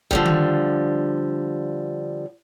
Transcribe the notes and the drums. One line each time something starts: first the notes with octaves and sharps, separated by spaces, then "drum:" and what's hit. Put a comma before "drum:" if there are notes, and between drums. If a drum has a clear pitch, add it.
D3 F3 G3, drum: kick
drum: tom D#3